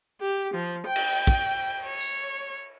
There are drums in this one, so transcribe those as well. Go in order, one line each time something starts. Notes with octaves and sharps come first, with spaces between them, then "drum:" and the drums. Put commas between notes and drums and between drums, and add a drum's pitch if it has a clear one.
G4
F3
G5
drum: cymbal
drum: kick
C#5
drum: tambourine